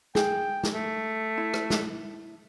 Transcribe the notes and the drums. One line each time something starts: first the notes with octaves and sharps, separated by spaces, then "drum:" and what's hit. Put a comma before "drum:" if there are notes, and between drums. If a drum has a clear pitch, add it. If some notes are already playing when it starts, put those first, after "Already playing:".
G#4 G5, drum: snare
drum: snare
A3
E4
drum: rim click
drum: snare